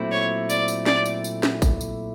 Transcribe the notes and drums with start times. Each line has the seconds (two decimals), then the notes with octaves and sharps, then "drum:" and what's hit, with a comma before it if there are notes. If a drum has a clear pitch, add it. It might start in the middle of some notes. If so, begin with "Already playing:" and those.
Already playing: A#2 F#3 A3 C4 E4
0.12 C#5
0.50 D5, drum: tambourine
0.68 drum: tambourine
0.86 D5, drum: snare
1.06 drum: tambourine
1.24 drum: tambourine
1.43 drum: snare
1.62 drum: kick A1, tambourine
1.81 drum: tambourine